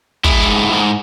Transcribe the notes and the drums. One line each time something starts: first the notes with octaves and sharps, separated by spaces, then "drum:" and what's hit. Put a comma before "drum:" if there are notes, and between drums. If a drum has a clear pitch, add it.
G#3 E4, drum: kick
G#2
G#2